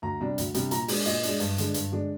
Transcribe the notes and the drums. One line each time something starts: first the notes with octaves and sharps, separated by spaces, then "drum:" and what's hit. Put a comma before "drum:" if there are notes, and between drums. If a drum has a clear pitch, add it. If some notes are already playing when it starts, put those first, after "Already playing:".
D2 A#5
C3 G3 D4
D2, drum: hi-hat
C3 G3 D4, drum: hi-hat
A#2 A#5, drum: hi-hat
G#3 D4, drum: open hi-hat
A#2 D#5, drum: hi-hat
D4, drum: hi-hat
G#3
G2, drum: hi-hat
D3 G#3 D4, drum: hi-hat
G2, drum: hi-hat
D3 G#3 D4